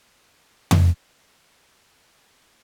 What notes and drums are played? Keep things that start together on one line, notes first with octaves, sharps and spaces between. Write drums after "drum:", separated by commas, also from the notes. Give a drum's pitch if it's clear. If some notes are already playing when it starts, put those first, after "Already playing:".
Already playing: E1 D2 C#3 F#3
E1 D2 C#3 F#3
drum: tom F2
C#2 C3 F3 G#3 F4
F4
D#4
D4
C#2 C3 F3 G#3 D4
C#4
C4
B1 A#2 G3 C#4